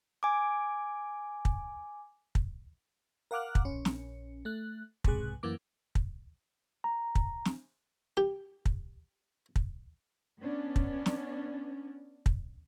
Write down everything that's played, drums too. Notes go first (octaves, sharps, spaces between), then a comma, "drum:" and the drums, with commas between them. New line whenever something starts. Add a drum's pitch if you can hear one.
G#5 D6
drum: kick
drum: kick
A#4 F5 F#5 D6 F6 F#6
drum: kick
A#1 C#4
drum: snare
A3 F#6
B1 G#2 C3 G#4 F#6, drum: kick
F#2 E3 A#3 D6
drum: kick
A#5
drum: kick
drum: snare
G4
drum: kick
drum: kick
B3 C#4 D4
drum: kick
drum: snare
drum: kick